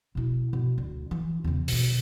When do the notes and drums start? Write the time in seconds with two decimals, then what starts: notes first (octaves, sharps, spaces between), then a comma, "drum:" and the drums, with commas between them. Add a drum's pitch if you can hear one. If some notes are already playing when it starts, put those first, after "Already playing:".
0.15 B2 E4
0.53 B2
0.78 D2
1.11 E3
1.44 E2 C#3
1.68 B2 D3, drum: open hi-hat